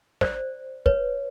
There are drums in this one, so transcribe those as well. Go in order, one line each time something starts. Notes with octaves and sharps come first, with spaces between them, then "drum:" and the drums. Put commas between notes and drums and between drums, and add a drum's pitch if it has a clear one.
C5 D5, drum: snare
B4 C#5, drum: kick